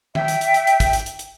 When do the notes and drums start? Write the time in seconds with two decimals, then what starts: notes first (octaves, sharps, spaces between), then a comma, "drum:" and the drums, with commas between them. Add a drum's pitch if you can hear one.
0.15 E5 G5, drum: tom
0.28 drum: hi-hat
0.41 drum: hi-hat
0.54 drum: hi-hat
0.67 drum: hi-hat
0.80 drum: kick, hi-hat
0.93 drum: hi-hat
1.06 drum: hi-hat
1.19 drum: hi-hat